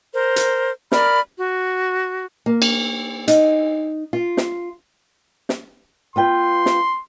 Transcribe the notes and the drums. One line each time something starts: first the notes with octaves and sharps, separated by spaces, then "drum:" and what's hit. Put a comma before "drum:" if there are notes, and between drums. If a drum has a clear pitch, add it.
A#4 C5
drum: hi-hat
A#4 D5 B5 F6, drum: snare
F#4
A#3
drum: cymbal
D#4, drum: hi-hat
F4
drum: snare
drum: snare
B3 F4 G5 C6
drum: snare